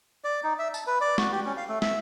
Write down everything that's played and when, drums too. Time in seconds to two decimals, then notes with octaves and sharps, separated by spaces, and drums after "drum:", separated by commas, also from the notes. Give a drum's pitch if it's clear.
0.24 D5
0.43 D#4
0.59 E5
0.74 A5, drum: tambourine
0.87 B4
1.01 D5
1.18 F#4, drum: snare
1.32 G4
1.45 C#4
1.57 F5
1.69 A3
1.82 E5, drum: snare